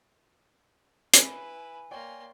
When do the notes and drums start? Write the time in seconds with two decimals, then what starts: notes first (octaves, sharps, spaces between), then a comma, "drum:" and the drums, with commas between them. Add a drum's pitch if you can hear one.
1.14 E4 B4 G#5, drum: hi-hat
1.91 A#3 C#5 D5 G5 C6